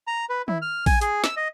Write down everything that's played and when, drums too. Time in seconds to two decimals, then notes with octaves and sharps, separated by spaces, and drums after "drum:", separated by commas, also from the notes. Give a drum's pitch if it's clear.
0.07 A#5
0.30 B4
0.48 E4, drum: tom D#3
0.62 F6
0.86 G#5, drum: kick A1, open hi-hat
1.01 G#4, drum: hi-hat
1.24 E6, drum: snare
1.37 D#5